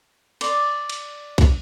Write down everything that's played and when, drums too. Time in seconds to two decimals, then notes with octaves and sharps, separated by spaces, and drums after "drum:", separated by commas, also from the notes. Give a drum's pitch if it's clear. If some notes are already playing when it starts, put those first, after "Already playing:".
0.41 D5 C6, drum: cymbal
0.89 drum: cymbal
1.38 drum: kick B1, cymbal